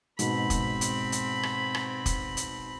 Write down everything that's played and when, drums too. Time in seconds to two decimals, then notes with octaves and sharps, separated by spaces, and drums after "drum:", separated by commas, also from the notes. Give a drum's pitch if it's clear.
0.19 G#2 B2 C4 B5, drum: hi-hat
0.50 drum: kick, hi-hat
0.81 drum: hi-hat
1.12 drum: hi-hat
1.43 drum: rim click
1.75 drum: rim click
2.06 drum: kick, hi-hat
2.37 drum: hi-hat